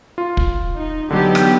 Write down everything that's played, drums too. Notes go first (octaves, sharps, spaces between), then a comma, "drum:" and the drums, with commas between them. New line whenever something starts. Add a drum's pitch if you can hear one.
F4
drum: kick
D#4
D3 F#3 B3 D#4 G4
drum: rim click